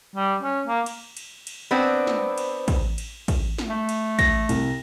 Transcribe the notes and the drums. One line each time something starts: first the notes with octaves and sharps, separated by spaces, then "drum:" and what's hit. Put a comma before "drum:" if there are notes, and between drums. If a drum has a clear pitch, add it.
G3
C#4
A#3
drum: cymbal
drum: cymbal
drum: cymbal
B3 C4 D4
drum: snare
drum: cymbal
drum: kick, cymbal
drum: cymbal
drum: kick, cymbal
drum: snare
A3
drum: cymbal
A#6, drum: kick, cymbal
C2, drum: cymbal